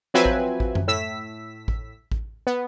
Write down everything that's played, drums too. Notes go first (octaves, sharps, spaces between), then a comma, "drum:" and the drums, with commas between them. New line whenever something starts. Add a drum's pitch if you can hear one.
F3 F#3 C4 B4 E5 G#5
drum: kick A1
drum: kick A1
drum: tom F#2
A2 E6 B6
drum: kick A1
drum: kick A1
B3